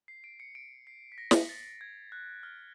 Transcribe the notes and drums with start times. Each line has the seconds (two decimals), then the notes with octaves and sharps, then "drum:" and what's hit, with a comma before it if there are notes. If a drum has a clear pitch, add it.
0.08 C7
0.24 D7
0.40 C#7
0.55 D7
0.87 C7
1.12 B6
1.18 A#6
1.31 drum: snare
1.49 A6
1.81 G#6
2.12 F#6
2.43 F6